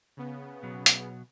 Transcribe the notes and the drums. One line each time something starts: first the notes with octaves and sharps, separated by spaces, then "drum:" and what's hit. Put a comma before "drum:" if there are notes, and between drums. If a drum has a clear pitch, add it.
C#3 B3
B2 F#3
drum: hi-hat